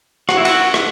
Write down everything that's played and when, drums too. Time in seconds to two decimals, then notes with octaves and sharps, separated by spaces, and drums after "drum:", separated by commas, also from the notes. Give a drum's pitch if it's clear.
0.29 F#4, drum: rim click
0.37 E4
0.45 F#4, drum: cymbal
0.74 drum: rim click